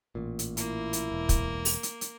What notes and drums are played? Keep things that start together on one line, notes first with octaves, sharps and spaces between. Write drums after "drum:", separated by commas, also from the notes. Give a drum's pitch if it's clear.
A1 A#2
drum: hi-hat
A#3 E4, drum: hi-hat
drum: hi-hat
E1
drum: kick, hi-hat
drum: open hi-hat
drum: hi-hat
drum: hi-hat